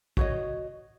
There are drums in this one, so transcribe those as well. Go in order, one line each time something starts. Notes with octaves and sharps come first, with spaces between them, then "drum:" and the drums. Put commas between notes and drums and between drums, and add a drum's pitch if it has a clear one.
F#4 C#5 D#5, drum: kick